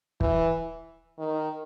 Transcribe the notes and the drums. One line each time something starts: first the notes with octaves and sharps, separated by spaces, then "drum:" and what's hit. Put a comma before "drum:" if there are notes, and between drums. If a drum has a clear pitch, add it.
E3, drum: kick
D#3